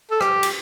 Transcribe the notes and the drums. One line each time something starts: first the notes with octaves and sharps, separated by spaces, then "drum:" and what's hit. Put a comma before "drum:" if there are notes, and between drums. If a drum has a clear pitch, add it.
A4
G4, drum: rim click
drum: cymbal